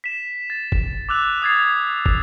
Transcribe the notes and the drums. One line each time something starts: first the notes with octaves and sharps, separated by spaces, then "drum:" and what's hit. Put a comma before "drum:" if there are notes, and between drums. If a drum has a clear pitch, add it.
B6 E7
A6
drum: kick
D6 E6 F#6 F7
D#6 F#6 G#6 A6 C7
drum: kick